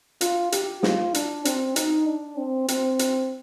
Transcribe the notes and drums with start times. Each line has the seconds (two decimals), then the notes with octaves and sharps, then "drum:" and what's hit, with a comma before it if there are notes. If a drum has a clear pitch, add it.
0.21 F4, drum: hi-hat
0.52 G4, drum: hi-hat
0.83 F4, drum: snare
1.14 D4, drum: hi-hat
1.45 C4, drum: hi-hat
1.76 D#4, drum: hi-hat
2.07 D4
2.38 C4
2.68 C4, drum: hi-hat
2.99 drum: hi-hat